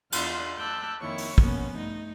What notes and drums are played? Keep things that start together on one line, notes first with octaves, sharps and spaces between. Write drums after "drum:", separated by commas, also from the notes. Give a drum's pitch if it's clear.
E2 D4 F4 C6 F6, drum: cymbal
A5 D6 E6 F#6 G6
F2 D#3 A#3 E4 C#5 C#6
drum: open hi-hat
B2 F3 A#3 B3 C#4, drum: kick
G2 A3 D#4